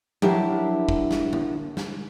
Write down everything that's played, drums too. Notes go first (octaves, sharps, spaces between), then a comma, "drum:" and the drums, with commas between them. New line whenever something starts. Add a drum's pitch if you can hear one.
F#3 D4 E4 G4 A#4, drum: tom F3
drum: kick
drum: snare
drum: tom D3
drum: snare